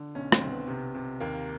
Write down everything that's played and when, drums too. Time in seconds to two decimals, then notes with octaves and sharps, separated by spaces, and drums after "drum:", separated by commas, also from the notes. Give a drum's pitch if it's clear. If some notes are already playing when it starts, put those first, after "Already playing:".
Already playing: D3
0.15 B1 C#4
0.32 C4, drum: rim click
0.42 B1
0.50 B3
0.67 C3
0.95 C3
1.20 D#2 A#3